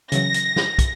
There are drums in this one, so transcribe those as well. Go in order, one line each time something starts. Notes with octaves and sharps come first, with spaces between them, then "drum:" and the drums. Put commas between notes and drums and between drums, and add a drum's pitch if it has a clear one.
C#3 E3 F#3 A#6, drum: hi-hat
drum: hi-hat
drum: snare
drum: kick, hi-hat